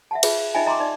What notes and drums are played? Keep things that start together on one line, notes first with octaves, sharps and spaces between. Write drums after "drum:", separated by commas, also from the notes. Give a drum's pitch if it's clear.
E5 F#5 A5
F4 G#4 B4 C#5 E5, drum: cymbal
F5
D#4 F4 D#5 E5 G5 G#5
D#5 A#5 C6 D6
D#4 D5